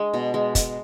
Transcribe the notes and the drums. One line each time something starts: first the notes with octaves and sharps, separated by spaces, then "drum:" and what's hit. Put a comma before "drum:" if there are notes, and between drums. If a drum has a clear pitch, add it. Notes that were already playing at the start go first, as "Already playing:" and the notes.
Already playing: G#3 D4
B2
G#3
G#3, drum: kick, hi-hat